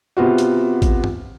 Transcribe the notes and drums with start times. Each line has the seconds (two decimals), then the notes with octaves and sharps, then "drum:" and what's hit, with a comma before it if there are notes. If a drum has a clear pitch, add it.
0.17 C3 B3 F4 F#4
0.38 drum: hi-hat
0.82 drum: kick A1, hi-hat
1.04 drum: tom G2